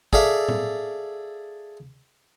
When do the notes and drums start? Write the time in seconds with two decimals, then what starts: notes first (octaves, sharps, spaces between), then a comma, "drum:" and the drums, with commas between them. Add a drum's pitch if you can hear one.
0.13 G#4 A4 D5 E5 F5, drum: kick
0.49 drum: tom